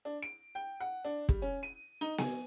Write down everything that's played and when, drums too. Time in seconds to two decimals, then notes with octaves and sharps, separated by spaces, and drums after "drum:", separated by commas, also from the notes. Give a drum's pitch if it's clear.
0.05 D4
0.22 D7
0.55 G5
0.80 F#5
1.05 D4
1.29 G3, drum: kick
1.42 C#4
1.63 D#7
2.01 D#4
2.18 G#5, drum: snare B3